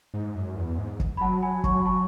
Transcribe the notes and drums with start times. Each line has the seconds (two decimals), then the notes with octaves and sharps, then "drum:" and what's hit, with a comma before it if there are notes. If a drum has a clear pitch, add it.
0.14 G#2
0.35 F#2
0.56 E2
0.78 G#2
1.00 drum: kick
1.17 B5
1.21 F#3 F#5 A5
1.42 G#5 B5
1.64 A5 C#6, drum: kick
1.80 B5
1.85 A5 C#6